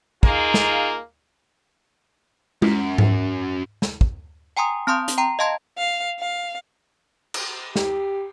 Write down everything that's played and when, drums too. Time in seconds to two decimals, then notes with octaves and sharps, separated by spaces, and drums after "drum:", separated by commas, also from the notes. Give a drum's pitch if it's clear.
0.23 A#3 D#4 F4 G#4, drum: kick
0.54 drum: snare
2.62 F#2, drum: tom G#3
2.98 drum: tom G#2
3.82 drum: snare
4.01 drum: kick
4.57 G5 G#5 A#5 C6 D#6
4.87 C4 A5 C6 D#6 G6
5.08 drum: hi-hat
5.18 G5 A#5 C6
5.39 D#5 F5 A5 C6 G#6
5.78 F5
6.19 F5
7.34 drum: cymbal
7.76 G4, drum: snare